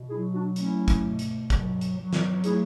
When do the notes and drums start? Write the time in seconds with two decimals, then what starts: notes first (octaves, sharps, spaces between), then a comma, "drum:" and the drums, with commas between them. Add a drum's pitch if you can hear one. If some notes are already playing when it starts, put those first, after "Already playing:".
Already playing: B2
0.09 F#3 E4 G#4
0.33 D4 F#4
0.56 A3 C#4 E4, drum: hi-hat
0.88 drum: kick, hi-hat
1.03 B2
1.19 drum: hi-hat
1.50 F#3, drum: kick, hi-hat
1.81 drum: hi-hat
1.98 F#3
2.13 drum: snare
2.44 A3 E4 G#4, drum: hi-hat